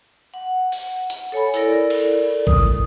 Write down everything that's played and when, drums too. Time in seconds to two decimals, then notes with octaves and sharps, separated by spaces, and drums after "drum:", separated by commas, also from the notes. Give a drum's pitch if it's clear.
0.34 F#5
0.72 drum: open hi-hat
1.10 drum: hi-hat
1.32 A4 C#5 G#5 B5
1.54 E4 A4 A#4 D5, drum: hi-hat
1.90 drum: cymbal
2.47 D#6, drum: kick G#1